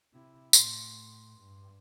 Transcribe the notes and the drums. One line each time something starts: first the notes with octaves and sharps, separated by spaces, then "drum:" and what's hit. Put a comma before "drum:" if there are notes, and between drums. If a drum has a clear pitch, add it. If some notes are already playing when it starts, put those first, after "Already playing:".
C3 E4
A2 C6, drum: tambourine
G2